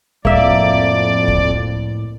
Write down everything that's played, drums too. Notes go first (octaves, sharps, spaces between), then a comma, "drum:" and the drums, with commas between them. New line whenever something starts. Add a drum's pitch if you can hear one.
F2 A2 A#3 D5 E5, drum: kick C#2
drum: kick C#2